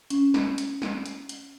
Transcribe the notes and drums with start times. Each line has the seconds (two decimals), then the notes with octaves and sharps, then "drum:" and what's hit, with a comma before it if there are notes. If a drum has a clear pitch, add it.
0.10 C#4, drum: hi-hat
0.34 drum: snare
0.58 drum: hi-hat
0.82 drum: snare
1.06 drum: hi-hat
1.29 drum: hi-hat